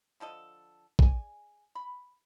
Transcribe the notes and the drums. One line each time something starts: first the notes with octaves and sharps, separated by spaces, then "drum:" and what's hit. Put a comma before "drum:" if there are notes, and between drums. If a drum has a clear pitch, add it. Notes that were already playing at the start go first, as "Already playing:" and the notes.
D3 F3 A4 D#5
G#4 D5 G#5, drum: kick
B5